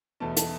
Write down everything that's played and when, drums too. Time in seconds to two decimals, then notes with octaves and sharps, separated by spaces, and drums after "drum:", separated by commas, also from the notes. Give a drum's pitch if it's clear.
0.20 E2 B2 A3 A5
0.37 A5, drum: hi-hat